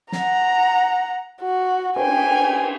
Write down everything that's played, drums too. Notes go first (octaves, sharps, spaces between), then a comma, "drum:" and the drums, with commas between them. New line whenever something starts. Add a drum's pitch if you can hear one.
F#5 A#5, drum: snare
F#4
G5 G#5, drum: cymbal